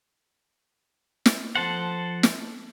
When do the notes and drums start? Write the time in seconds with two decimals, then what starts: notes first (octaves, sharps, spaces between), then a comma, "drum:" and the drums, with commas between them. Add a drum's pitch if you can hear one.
1.26 drum: snare
1.55 F3 A4 C5 F#5
2.23 drum: snare